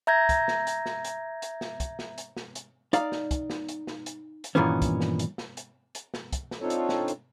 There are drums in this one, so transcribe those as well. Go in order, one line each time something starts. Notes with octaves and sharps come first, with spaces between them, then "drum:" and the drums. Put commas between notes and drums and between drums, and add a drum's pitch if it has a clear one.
E5 A#5 G6 G#6 A#6
drum: kick, hi-hat
drum: snare
drum: hi-hat
drum: snare
drum: hi-hat
drum: hi-hat
drum: snare
drum: kick, hi-hat
drum: snare
drum: hi-hat
drum: snare
drum: hi-hat
D#4 D5 F5, drum: hi-hat
drum: snare
drum: kick, hi-hat
drum: snare
drum: hi-hat
drum: snare
drum: hi-hat
drum: hi-hat
G2 A#2 D#3 E3 B3 C#4
drum: kick, hi-hat
drum: snare
drum: hi-hat
drum: snare
drum: hi-hat
drum: hi-hat
drum: snare
drum: kick, hi-hat
drum: snare
C4 D4 D#4 F4 A4 C#5
drum: hi-hat
drum: snare
drum: hi-hat